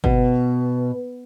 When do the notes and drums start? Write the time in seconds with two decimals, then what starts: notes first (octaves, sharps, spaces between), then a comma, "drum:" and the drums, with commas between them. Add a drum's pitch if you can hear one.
0.04 B2, drum: kick G1